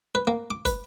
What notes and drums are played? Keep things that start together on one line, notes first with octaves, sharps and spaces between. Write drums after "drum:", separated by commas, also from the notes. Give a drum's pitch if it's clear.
B4
A#3
D6
B4, drum: kick, hi-hat